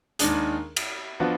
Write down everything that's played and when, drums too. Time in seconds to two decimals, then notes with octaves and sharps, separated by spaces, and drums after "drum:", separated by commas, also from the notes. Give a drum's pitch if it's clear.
0.19 D#2 D#3 G#3 D4 G#4, drum: hi-hat
0.76 drum: cymbal
1.20 F3 B3 D4 F#4